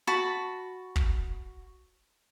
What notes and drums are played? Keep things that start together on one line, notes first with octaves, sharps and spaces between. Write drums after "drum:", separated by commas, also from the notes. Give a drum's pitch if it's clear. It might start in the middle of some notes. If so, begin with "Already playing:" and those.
F#4 A5 B5
drum: kick